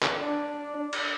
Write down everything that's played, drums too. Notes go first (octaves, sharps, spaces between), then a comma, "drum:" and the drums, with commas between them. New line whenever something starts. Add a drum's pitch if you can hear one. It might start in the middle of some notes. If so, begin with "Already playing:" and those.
drum: clap
D4
drum: cymbal